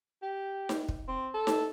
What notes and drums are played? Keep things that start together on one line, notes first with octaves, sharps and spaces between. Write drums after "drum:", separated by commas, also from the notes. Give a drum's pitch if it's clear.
G4
drum: snare D#4
drum: kick
C4
A4
drum: snare D#4